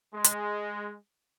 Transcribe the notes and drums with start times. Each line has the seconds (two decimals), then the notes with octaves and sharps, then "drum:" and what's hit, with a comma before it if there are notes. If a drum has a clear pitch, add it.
0.14 G#3
0.24 drum: hi-hat